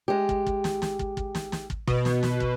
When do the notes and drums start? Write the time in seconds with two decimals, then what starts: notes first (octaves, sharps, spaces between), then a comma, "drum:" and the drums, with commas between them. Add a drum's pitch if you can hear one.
0.08 G#3 G4
0.29 drum: kick
0.46 drum: kick
0.64 drum: snare
0.82 drum: snare
0.99 drum: kick
1.17 drum: kick
1.35 drum: snare
1.52 drum: snare
1.70 drum: kick
1.87 B2, drum: kick
2.05 drum: snare
2.23 drum: snare
2.40 drum: kick